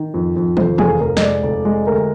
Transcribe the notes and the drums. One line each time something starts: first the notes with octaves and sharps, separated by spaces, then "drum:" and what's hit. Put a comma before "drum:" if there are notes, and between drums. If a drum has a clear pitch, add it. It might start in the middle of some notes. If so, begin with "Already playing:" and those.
Already playing: D#3
F2
F2
F1 C5, drum: tom
F1 G#4, drum: tom
F1 A#4
D#5, drum: snare
G#3 D5
F1
G#3
D2 A#4